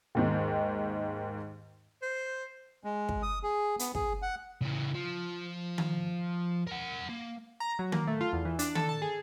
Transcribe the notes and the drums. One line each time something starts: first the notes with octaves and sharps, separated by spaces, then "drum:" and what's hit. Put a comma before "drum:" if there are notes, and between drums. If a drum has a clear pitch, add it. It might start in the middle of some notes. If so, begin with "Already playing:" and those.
D#2 G#2 D#3
C5
G#3
drum: kick
D#6
G#4
B3, drum: hi-hat
G#4, drum: kick
F#5
C#3 E3
F3
drum: tom D#3
A#4 F#5
A#3
A#5
F#3
A#3, drum: tom D#3
A3
F4
E2
E3
D4, drum: hi-hat
A4, drum: tom D#3
A5
G#4